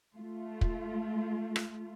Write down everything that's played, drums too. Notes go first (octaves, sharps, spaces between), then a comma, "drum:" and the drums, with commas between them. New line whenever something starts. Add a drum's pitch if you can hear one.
A3 F4
drum: kick
drum: rim click